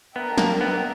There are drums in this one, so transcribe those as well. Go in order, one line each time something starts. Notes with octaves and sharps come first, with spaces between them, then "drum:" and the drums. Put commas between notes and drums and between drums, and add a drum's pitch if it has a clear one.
B3 D4 A#4 E5 G5
A#3, drum: snare
B3